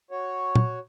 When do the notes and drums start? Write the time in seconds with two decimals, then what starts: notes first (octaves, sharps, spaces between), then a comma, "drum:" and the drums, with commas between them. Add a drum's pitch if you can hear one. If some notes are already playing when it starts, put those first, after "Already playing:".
0.11 F#4 C#5
0.55 drum: tom